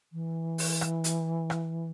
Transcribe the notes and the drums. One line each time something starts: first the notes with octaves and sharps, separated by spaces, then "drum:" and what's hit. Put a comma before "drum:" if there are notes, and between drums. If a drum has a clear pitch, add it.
E3
drum: open hi-hat
drum: rim click
drum: hi-hat
drum: rim click